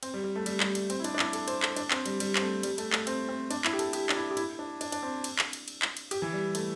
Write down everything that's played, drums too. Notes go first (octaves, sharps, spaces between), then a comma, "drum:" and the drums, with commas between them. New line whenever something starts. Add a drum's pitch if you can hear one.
C4, drum: cymbal
G3
G3
A3
G3, drum: cymbal
G3, drum: clap
G3, drum: cymbal
C4, drum: cymbal
E4
D4, drum: cymbal
D4
E4, drum: clap
A4, drum: cymbal
C5, drum: cymbal
A4, drum: clap
D4, drum: cymbal
C4, drum: clap
G3, drum: cymbal
G3, drum: cymbal
C4, drum: clap
A3
G3, drum: cymbal
A3, drum: cymbal
A3, drum: clap
C4, drum: cymbal
C4
D4, drum: cymbal
E4, drum: clap
G4
A4, drum: cymbal
G4, drum: cymbal
D4, drum: clap
E4
G4
E4, drum: cymbal
D4
D4, drum: cymbal
D4, drum: cymbal
C4
drum: cymbal
drum: clap
drum: cymbal
drum: cymbal
drum: clap
drum: cymbal
G4, drum: cymbal
E3
G3
A3, drum: cymbal